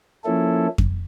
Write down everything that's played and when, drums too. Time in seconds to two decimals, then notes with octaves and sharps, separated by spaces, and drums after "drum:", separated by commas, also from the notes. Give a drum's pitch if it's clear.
0.24 F3 A#3 C#4 E4 A4
0.78 drum: kick F2